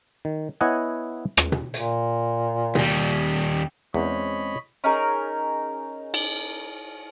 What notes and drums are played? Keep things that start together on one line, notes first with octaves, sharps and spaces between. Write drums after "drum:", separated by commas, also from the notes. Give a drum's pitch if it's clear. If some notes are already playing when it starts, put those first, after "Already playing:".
D#3
B3 E4 C#5 D#5 F#5 G#5
drum: rim click
drum: tom B2
A#2, drum: hi-hat
D#2 G3, drum: tom B2
E2 G#3 C4 C#4 C#5 D#5 B5
C#4 D#4 G#4 A#4
drum: cymbal